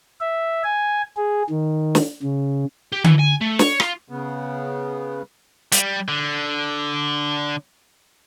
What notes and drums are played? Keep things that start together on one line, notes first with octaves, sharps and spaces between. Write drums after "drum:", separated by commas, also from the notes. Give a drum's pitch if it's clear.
E5
G#5
G#4
D#3
drum: snare
C#3
G4
E3, drum: tom D3
G#5
A3
C#5, drum: snare
F4, drum: rim click
C#3 B3
G3, drum: hi-hat
D3